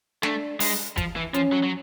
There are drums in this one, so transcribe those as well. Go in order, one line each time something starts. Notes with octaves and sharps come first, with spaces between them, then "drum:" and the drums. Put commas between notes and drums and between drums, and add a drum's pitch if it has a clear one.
A3 D4, drum: snare
G#3, drum: open hi-hat
F3, drum: kick, hi-hat
E3
F3 C#4, drum: hi-hat
F#3
F#3